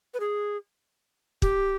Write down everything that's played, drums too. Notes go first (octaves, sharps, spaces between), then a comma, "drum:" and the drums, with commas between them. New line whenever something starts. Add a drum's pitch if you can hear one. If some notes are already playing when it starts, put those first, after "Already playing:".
B4
G#4
G4, drum: kick